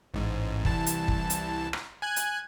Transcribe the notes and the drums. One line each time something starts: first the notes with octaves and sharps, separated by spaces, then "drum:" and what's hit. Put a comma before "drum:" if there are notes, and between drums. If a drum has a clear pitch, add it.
A1 G#2
C2 E3 A5, drum: kick
drum: hi-hat
drum: kick
drum: hi-hat
drum: rim click
G#5 F#6 G#6
drum: hi-hat